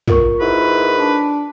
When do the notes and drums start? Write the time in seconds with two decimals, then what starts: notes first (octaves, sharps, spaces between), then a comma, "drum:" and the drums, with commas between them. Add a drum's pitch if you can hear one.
0.08 F4 A#4 C#6, drum: tom
0.40 G#2 E4 B4
0.97 D4